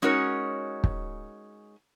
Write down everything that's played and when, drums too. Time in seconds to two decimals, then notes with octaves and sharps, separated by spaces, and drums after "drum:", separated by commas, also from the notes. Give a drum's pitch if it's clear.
0.02 G#3 C#4 D#4 F#4 A#4 C#5
0.84 drum: kick